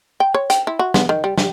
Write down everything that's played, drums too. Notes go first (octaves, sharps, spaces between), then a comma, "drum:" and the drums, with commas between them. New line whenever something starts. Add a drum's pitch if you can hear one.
G5
C#5
G5, drum: hi-hat
E4
F#4
B3, drum: snare
D#3
G3
G3, drum: snare